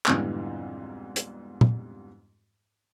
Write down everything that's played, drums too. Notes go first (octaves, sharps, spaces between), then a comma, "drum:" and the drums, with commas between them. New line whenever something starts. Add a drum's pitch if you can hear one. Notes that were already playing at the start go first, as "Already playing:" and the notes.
B1 F2 G#2 D3 E3 G3, drum: clap
drum: hi-hat
drum: tom A#2